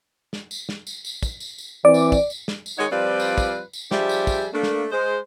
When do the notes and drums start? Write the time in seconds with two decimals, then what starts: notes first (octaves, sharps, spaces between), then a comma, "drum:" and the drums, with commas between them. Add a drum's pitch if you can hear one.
0.33 drum: snare
0.51 drum: tambourine
0.69 drum: snare
0.87 drum: tambourine
1.05 drum: tambourine
1.22 drum: kick, tambourine
1.40 drum: tambourine
1.58 drum: tambourine
1.85 E3 C4 D5
1.94 drum: tambourine
2.12 drum: kick, tambourine
2.30 drum: tambourine
2.48 drum: snare
2.66 drum: tambourine
2.78 D#3 G#3 D#4 F#4 C#5
2.91 F3 G3 C4 F4 B4 D5
3.20 drum: tambourine
3.38 drum: kick, tambourine
3.73 drum: tambourine
3.91 F3 G3 D4 G4 G#4 E5, drum: snare
4.09 drum: tambourine
4.27 drum: kick, tambourine
4.54 A3 A#3 D4
4.63 drum: snare
4.91 G#3 C5